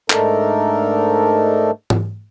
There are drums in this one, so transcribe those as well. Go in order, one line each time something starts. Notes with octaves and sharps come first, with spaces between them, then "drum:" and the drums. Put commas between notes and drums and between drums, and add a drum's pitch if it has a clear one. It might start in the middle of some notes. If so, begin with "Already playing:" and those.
G#2 A3 D4 D#4 A4 A#4, drum: clap
drum: tom G#2